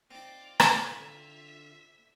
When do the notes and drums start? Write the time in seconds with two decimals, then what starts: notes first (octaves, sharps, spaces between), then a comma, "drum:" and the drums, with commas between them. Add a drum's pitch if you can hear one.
0.11 C4 D#4 F4 D5
0.60 drum: rim click
0.91 D3 E5